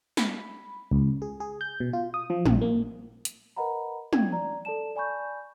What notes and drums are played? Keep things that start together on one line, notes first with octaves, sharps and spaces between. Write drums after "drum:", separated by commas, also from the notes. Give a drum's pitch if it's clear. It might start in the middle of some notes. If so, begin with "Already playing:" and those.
B5, drum: snare
C#2
G#4
G#4
G6
B2
F4
D#6
F3
A#1, drum: tom
A#3
drum: hi-hat
A#4 B4 D#5 F#5 A#5 B5
G5 G#6, drum: tom
D5 A#5
A4 D5 A5 E7
D5 G#5 B5 C#6 G6